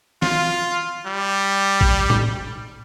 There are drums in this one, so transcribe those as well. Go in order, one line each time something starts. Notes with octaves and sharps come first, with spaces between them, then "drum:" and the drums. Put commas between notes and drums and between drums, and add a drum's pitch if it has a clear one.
F4, drum: snare
G3
drum: kick A1
drum: tom A2